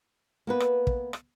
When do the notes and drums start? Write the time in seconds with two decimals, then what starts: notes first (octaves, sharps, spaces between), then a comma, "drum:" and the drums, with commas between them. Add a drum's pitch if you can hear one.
0.47 A#3 B3 B4
0.60 drum: rim click
0.87 drum: kick
1.13 drum: rim click